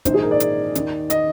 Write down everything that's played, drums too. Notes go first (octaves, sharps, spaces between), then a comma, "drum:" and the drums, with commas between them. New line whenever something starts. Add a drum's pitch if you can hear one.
A#1 G#2 D#3 C5, drum: kick, hi-hat
G#4
A#4
D5
drum: hi-hat
D#2 D#3, drum: hi-hat
D#5, drum: hi-hat